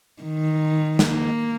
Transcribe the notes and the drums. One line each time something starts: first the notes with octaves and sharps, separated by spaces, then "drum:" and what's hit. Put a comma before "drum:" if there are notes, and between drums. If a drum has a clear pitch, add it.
D#3
A#3, drum: snare